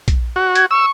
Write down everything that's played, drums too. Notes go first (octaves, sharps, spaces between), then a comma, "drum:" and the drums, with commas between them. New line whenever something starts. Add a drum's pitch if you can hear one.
drum: kick A#1, hi-hat
F#4
G#6, drum: hi-hat
C#6 E6